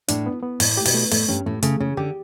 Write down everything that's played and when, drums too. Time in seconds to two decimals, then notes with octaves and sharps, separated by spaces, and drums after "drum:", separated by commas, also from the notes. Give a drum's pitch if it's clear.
0.08 A2 D4, drum: hi-hat
0.26 B3
0.43 B3
0.60 A2 A3, drum: open hi-hat
0.77 G4
0.85 B2, drum: open hi-hat
0.94 A3
1.11 A2 A3, drum: open hi-hat
1.28 G2 C#4
1.46 A2 A3
1.63 C#3 A3, drum: hi-hat
1.80 C#3 C#4
1.97 D3 G4